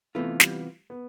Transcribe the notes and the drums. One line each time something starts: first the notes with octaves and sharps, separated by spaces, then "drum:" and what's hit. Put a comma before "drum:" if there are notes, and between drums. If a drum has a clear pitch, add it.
C3 E3 A3 B3 F4
G3, drum: snare
B3